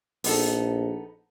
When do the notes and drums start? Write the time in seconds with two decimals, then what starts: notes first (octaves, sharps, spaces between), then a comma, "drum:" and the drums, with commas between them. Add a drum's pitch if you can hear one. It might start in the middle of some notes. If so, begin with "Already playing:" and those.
0.24 A#1 B3 D#4 A4, drum: open hi-hat